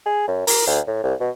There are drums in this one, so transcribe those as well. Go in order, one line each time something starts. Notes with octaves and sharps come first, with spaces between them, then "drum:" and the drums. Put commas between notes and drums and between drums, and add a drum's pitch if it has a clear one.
G#4
F#2
A#4, drum: open hi-hat
D2
A2
C2
B2